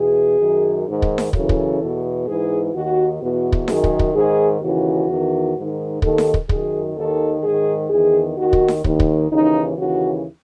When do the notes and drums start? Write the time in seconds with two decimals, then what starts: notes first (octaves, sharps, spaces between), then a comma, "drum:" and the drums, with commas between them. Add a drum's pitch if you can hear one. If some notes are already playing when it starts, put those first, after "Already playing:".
Already playing: E2 B2 G#4
0.39 F#2 D#3
0.86 G#2 D#3
1.02 drum: kick
1.18 drum: snare D#4
1.33 F#2 C#3 E3 A4, drum: kick
1.49 drum: kick
1.81 E2 B2
2.27 G#2 E3 G#4
2.75 D#2 D#3 F#4
3.21 E2 B2 F#4
3.52 drum: kick
3.68 F#2 D#3 G#4, drum: snare D#4
3.84 drum: kick
3.99 drum: kick
4.15 G#2 D#3 G#4
4.62 D#2 C#3 E3 F#4
5.08 E2 D#3
5.56 G#2 D#3
6.02 D#2 D#3 A4, drum: kick
6.18 drum: snare D#4
6.34 drum: kick
6.49 F#2 D#3 G#4, drum: kick
6.96 D#2 D#3 A4
7.43 G#2 D#3 G#4
7.90 E2 D#3 G#4
8.36 D#2 D#3 F#4
8.53 drum: kick
8.68 drum: snare D#4
8.84 D#2 D#3, drum: kick
9.00 drum: kick
9.31 D#2 C#3 E3 D#4
9.77 D#2 C#3 E3 F#4